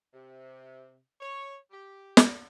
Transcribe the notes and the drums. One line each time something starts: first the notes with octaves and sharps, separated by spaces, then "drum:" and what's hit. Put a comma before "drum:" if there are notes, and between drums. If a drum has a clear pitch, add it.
C3
C#5
G4
drum: snare